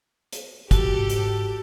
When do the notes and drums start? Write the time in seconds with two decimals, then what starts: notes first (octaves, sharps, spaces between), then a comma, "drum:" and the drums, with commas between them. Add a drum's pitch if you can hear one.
0.32 drum: hi-hat
0.71 G#2 F#4 G4 A4, drum: kick, hi-hat
1.10 drum: hi-hat